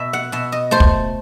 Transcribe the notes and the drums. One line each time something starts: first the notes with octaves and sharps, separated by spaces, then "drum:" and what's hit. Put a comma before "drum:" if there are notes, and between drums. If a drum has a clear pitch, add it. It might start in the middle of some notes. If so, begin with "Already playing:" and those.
Already playing: B2 E5
F#5
B2 E5
D#5
A3 C5
drum: kick